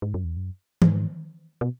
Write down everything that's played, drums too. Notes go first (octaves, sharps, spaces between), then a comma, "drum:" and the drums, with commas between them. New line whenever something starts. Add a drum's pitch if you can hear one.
G#2
F#2
E2
F#2
G#2, drum: tom D#3
B2